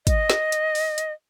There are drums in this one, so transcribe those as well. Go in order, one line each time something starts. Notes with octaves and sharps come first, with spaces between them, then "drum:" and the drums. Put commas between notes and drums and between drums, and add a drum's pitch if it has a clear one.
D#5, drum: kick, hi-hat
drum: snare
drum: hi-hat
drum: open hi-hat
drum: hi-hat